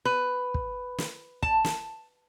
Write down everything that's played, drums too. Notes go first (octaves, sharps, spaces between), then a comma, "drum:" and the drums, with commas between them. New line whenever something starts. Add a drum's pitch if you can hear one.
B4
drum: kick
drum: snare
A5, drum: kick
drum: snare